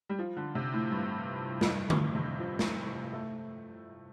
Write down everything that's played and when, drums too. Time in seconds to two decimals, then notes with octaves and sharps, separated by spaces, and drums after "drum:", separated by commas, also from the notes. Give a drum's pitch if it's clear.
0.09 G3
0.19 F3
0.37 D3
0.55 C3
0.73 A2
0.91 G2
1.61 F2, drum: snare
1.65 G2
1.90 A2, drum: tom D3
2.15 C3
2.39 F3
2.59 drum: snare
3.13 A3